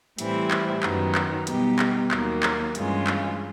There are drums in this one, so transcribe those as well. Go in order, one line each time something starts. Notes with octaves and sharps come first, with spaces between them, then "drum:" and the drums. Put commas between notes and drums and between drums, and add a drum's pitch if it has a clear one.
A2 E3 G3 C4 E4, drum: hi-hat
drum: clap
F#2 D#3 F#3 B3 D#4, drum: clap
drum: clap
B2 G3 B3 D#4 G4, drum: hi-hat
drum: clap
D#2 D#3 F#3 A#3 D#4, drum: clap
drum: clap
G2 E3 G#3 C#4 F4, drum: hi-hat
drum: clap